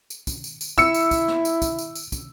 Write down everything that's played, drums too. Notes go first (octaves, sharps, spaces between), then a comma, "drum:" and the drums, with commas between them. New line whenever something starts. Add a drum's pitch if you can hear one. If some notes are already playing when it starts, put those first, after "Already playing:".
drum: tambourine
drum: kick, tambourine
drum: tambourine
drum: tambourine
E4 E6 C#7, drum: kick, tambourine
drum: tambourine
drum: kick, tambourine
drum: snare
drum: tambourine
drum: kick, tambourine
drum: tambourine
drum: tambourine
drum: kick, tambourine